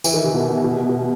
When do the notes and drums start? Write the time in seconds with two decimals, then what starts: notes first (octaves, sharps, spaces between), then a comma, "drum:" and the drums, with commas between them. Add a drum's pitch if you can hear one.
0.04 E3, drum: tambourine
0.14 D#3
0.24 C3
0.34 B2
0.64 B2
0.76 C3
0.89 B2